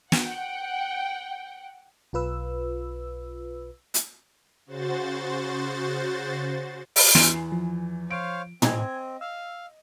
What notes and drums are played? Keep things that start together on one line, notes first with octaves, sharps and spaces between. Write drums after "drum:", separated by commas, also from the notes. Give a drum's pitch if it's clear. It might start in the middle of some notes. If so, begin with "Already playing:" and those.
F#5 G5, drum: snare
B1 F4 B4 E6
drum: hi-hat
C#3 F#4 C5 A6
drum: open hi-hat
E2 E3 C6 C7, drum: snare
F3
C5 C#5 F5 D7
C4 D#5 G#5 G#6, drum: tom
F5 E6